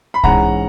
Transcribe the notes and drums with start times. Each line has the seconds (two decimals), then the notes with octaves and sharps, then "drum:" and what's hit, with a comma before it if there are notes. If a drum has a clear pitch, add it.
0.14 B5
0.24 G#2 E3 G#3 C#4 F#5 A#5, drum: kick